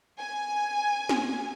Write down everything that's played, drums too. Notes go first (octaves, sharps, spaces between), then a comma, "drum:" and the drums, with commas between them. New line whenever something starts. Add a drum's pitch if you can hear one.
G#5
drum: snare